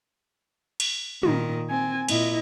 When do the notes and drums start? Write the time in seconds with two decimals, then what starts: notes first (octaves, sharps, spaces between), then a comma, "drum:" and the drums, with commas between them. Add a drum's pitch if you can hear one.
0.80 drum: cymbal
1.23 A#2 D#3, drum: tom
1.70 C4 G#5
2.09 A#2 E4 D#5, drum: cymbal